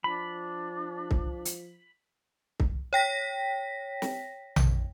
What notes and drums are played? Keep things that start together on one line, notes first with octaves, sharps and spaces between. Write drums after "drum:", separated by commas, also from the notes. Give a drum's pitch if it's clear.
F3 D4 B5
drum: kick C2
drum: hi-hat
drum: kick C2
C#5 G5 A#6 B6
drum: snare
drum: tom A#1